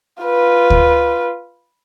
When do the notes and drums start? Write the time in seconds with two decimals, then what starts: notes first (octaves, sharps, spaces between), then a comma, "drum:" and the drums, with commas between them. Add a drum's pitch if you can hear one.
0.23 F4 B4
0.70 drum: kick D2